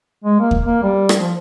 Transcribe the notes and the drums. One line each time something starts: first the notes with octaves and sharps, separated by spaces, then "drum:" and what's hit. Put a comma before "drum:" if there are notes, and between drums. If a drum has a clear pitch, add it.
G#3
A#3
drum: kick D#2
A#3
G3
drum: rim click
F3